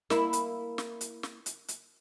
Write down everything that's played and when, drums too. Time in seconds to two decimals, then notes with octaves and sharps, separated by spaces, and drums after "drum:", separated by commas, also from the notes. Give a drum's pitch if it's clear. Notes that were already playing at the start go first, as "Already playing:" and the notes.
0.10 A#3 E4, drum: snare
0.33 drum: hi-hat
0.78 drum: snare
1.01 drum: hi-hat
1.23 drum: snare
1.46 drum: hi-hat
1.68 drum: hi-hat